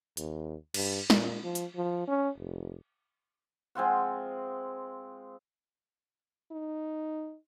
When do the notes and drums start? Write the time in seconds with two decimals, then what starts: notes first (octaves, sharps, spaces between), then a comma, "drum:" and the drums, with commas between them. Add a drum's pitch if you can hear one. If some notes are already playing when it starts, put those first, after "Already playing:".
0.17 D#2, drum: hi-hat
0.74 G2, drum: cymbal
1.10 A#2, drum: snare
1.43 F3
1.55 drum: hi-hat
1.76 F3
2.07 C#4
2.38 F1
3.75 G#3 C4 F4 F#5
6.52 D#4